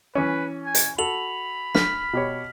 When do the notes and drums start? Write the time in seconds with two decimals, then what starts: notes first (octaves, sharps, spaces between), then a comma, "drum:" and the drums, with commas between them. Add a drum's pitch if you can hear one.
0.15 E3 C#4 B4
0.65 G#5
0.75 drum: hi-hat
0.98 F#4 A4 B5 F7 F#7
1.75 F6 B6, drum: snare
2.13 B2 G4 C#5